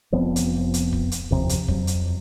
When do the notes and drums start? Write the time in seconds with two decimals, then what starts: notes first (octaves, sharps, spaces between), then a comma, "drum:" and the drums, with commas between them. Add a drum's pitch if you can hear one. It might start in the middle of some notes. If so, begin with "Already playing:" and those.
0.12 F1 F3 B3 C4
0.36 drum: hi-hat
0.74 drum: hi-hat
0.93 drum: kick
1.12 drum: hi-hat
1.30 F#1 D#2 C3 F3
1.49 drum: hi-hat
1.68 F2 F#3, drum: kick
1.87 drum: hi-hat